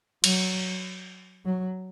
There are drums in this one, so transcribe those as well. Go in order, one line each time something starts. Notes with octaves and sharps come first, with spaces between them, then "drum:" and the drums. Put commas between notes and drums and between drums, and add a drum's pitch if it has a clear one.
F#3, drum: cymbal
F#3